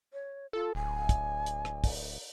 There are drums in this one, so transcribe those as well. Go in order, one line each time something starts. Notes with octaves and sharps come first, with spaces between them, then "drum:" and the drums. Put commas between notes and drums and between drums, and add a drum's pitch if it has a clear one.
C#5
F4 A4
D1 G#5
drum: kick, hi-hat
drum: hi-hat
drum: rim click
drum: kick, open hi-hat